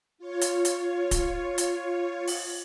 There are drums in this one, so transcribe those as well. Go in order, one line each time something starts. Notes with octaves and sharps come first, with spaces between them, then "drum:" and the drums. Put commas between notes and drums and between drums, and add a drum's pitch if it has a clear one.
F4 C#5
drum: hi-hat
drum: hi-hat
drum: kick D1, hi-hat
drum: hi-hat
drum: open hi-hat